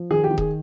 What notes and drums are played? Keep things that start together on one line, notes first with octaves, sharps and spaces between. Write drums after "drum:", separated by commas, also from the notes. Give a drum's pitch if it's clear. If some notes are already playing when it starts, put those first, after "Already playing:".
Already playing: F3
D#3 G#4
G4
D#3
G#4, drum: kick E1